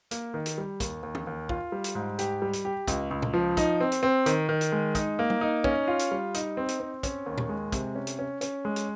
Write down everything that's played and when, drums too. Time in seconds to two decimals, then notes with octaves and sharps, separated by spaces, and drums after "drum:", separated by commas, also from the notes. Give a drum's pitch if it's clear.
0.11 A#3, drum: hi-hat
0.34 D#3
0.46 drum: hi-hat
0.58 G3
0.80 D#2, drum: kick, hi-hat
1.03 D#2
1.15 drum: tom
1.27 D#2
1.49 F4, drum: kick
1.72 G3
1.84 drum: hi-hat
1.95 G#2
2.19 G4, drum: hi-hat
2.42 G3
2.53 drum: hi-hat
2.65 G4
2.88 C#2, drum: kick, hi-hat
3.11 C#2
3.22 drum: tom A#2
3.34 F3
3.57 D#4, drum: kick, hi-hat
3.81 C4
3.92 drum: hi-hat
4.03 C4
4.26 D#3, drum: hi-hat
4.49 D#3
4.61 drum: hi-hat
4.72 G#3
4.95 D#4, drum: kick, hi-hat
5.19 A#3
5.30 drum: tom
5.41 D#4
5.64 C#4, drum: kick
5.88 F4
5.99 drum: hi-hat
6.11 G3
6.34 D#4, drum: hi-hat
6.57 C4
6.68 drum: hi-hat
6.80 C4
7.03 C#4, drum: kick, hi-hat
7.26 D#2
7.38 drum: tom A#2
7.49 G#3
7.72 C3, drum: kick, hi-hat
7.95 C#4
8.07 drum: hi-hat
8.19 C#4
8.41 C#4, drum: hi-hat
8.65 G#3
8.76 drum: hi-hat